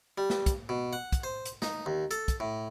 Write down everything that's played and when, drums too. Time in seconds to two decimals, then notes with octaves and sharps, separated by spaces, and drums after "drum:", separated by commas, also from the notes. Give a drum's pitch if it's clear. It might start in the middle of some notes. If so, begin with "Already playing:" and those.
0.18 G3
0.30 drum: snare
0.46 drum: kick, hi-hat
0.69 B2
0.93 F#5
1.12 drum: kick, hi-hat
1.24 C5
1.45 drum: hi-hat
1.62 D#4, drum: snare
1.86 D#2
2.11 A4, drum: hi-hat
2.28 drum: kick, hi-hat
2.40 A2